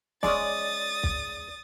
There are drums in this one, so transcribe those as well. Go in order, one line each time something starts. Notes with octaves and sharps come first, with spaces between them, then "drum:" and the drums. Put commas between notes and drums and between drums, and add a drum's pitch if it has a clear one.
G#3 C#4 D5 D#6 A6, drum: snare
drum: kick